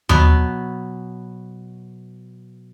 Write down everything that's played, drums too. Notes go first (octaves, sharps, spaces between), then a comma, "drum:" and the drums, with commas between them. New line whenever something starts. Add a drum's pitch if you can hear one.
B2 F#3 B3, drum: tom D#2